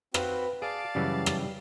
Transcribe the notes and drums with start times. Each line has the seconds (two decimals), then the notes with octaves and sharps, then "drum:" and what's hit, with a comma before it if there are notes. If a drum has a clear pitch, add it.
0.14 C4 F#4 B4 F5, drum: rim click
0.62 G#4 D5 F5 A5 D7
0.95 F#2 C#3 E3 G3
1.26 drum: rim click